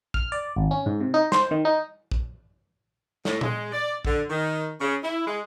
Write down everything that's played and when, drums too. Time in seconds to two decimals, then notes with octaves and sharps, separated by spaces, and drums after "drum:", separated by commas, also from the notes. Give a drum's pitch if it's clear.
0.14 F6, drum: kick
0.32 D5
0.56 G#1
0.71 C#4
0.86 G#2
1.00 C3
1.14 D#4
1.32 C5, drum: snare
1.51 D#3
1.65 D#4
2.11 drum: kick
3.25 A2, drum: snare
3.41 G#3, drum: tom A#2
3.72 D5
4.05 D3, drum: kick
4.29 D#3
4.81 C#3
5.02 E4
5.26 G#3